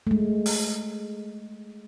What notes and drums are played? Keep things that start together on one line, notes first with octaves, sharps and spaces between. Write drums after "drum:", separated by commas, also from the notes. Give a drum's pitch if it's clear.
G#3 A3
drum: open hi-hat